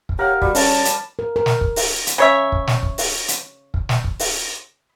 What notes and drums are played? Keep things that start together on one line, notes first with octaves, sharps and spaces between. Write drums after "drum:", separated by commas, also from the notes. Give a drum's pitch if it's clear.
drum: kick
G4 A#4 C#5 F5 F#5
G3 F#4, drum: kick
C#4 C#5 A5, drum: open hi-hat
drum: hi-hat
A#4
A#4
drum: snare
drum: kick
drum: open hi-hat
drum: hi-hat
C#3 C#5 E5
drum: kick
drum: snare
drum: kick
drum: open hi-hat
drum: hi-hat
drum: kick
drum: snare
drum: kick
drum: open hi-hat